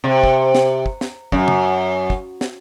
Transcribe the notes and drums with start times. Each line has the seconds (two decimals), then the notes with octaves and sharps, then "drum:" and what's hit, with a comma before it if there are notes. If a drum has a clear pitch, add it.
0.04 C3
0.23 drum: kick
0.55 drum: snare
0.86 drum: kick
1.01 drum: snare
1.32 F#2, drum: kick
1.48 drum: tom
2.10 drum: kick
2.41 drum: snare